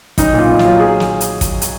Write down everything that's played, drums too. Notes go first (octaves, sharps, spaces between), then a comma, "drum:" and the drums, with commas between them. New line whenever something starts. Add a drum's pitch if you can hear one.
B1 D#4, drum: kick, hi-hat
A#2 F4
B3
F4, drum: snare
F#3
G#4
drum: snare
drum: hi-hat
drum: kick, hi-hat
drum: hi-hat